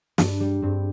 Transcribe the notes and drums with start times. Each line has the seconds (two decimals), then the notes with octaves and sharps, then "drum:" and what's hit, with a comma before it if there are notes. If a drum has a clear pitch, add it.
0.18 G2 D4, drum: snare
0.40 G3
0.62 G2 C4